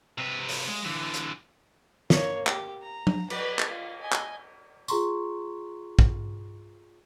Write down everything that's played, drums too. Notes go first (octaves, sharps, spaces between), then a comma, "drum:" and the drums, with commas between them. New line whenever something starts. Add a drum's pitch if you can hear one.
C3 B4
drum: open hi-hat
G#3
D3 E3
drum: hi-hat
A#3 C#5, drum: snare
G4, drum: clap
A#5
drum: tom F#3
B4, drum: cymbal
drum: clap
F4
D#5 G#5
drum: clap
F4 G#4 A#5 C6 C#6, drum: tambourine
drum: kick